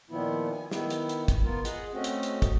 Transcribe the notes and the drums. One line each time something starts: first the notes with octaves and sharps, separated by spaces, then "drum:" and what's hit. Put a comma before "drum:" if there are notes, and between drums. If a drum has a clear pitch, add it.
A#2 D#3 F3 B3 E4
G#5
D#3 B3 E4, drum: snare
drum: hi-hat
drum: hi-hat
drum: kick, hi-hat
B3 F4 A#4
G#4 D#5 F#5, drum: hi-hat
A3 C4 C#4 F#4 D#5
drum: hi-hat
drum: hi-hat
drum: kick, hi-hat